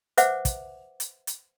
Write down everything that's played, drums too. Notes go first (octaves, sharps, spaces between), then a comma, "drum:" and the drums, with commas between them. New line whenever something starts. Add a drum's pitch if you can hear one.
B4 C5 E5 F#5 D6, drum: hi-hat
drum: kick, hi-hat
drum: hi-hat
drum: hi-hat